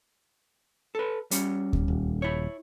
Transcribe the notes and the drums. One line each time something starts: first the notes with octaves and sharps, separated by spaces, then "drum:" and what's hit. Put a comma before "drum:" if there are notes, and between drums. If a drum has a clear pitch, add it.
A4 B4
G3 C#4, drum: hi-hat
drum: kick D2
D#1
E4 C#5